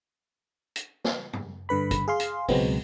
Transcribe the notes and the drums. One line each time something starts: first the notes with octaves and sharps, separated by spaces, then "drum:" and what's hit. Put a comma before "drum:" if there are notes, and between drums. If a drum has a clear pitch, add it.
drum: hi-hat
drum: snare
drum: tom F#2
G2 D3 B4 B5
drum: kick, hi-hat
G#4 F5 C6
drum: hi-hat
C#2 B2 F#3 G#3 B3 C4, drum: kick, open hi-hat